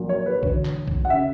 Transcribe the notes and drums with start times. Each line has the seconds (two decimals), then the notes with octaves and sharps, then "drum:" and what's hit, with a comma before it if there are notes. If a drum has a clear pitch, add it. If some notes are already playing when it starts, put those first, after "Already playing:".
Already playing: A#1 A#2 F#3
0.09 C#5
0.26 B4
0.37 B4
0.43 E1 D2 D3 C#5, drum: kick B1
0.65 drum: clap
0.88 drum: kick B1
1.05 F#5
1.10 C#3 E5